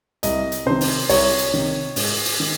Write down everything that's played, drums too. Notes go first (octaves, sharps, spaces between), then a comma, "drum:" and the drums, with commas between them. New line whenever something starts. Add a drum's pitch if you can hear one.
C2 D#5, drum: hi-hat
drum: hi-hat
C3 D#3 C5
drum: open hi-hat
C2 C#5, drum: open hi-hat
drum: hi-hat
C3 D#3
G#2, drum: open hi-hat
drum: open hi-hat
D#3